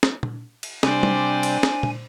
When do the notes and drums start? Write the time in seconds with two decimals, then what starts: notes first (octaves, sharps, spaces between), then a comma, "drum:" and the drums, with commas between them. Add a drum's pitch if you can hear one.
0.03 drum: snare
0.23 drum: tom A#2
0.63 drum: cymbal
0.83 C3 G3 D4 C5 D5 G#5, drum: snare
1.03 drum: tom
1.43 drum: cymbal
1.63 drum: snare
1.83 drum: tom A#2